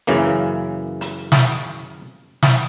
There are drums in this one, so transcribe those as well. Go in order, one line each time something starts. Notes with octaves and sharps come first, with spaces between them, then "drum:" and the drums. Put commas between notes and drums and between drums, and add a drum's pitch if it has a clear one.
F#2 C#3 E3 A#3
drum: hi-hat
drum: snare
drum: snare